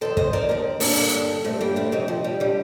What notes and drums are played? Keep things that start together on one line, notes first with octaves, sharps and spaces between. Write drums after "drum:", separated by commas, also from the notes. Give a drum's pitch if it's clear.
F2 D#3 A4 C5
C5 D#5, drum: kick
A#4 D5
D#2 D3 A#4 D5
A#3 D4, drum: open hi-hat
G2 D3
G2 D3 A3 C4
G3 A#3
A3 C4
F2 C3 D#3 C4 D#4
F3
G3
D3 G3